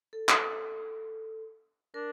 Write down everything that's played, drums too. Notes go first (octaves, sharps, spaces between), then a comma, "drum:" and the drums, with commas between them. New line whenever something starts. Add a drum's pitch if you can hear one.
A4
drum: clap
D4 A#4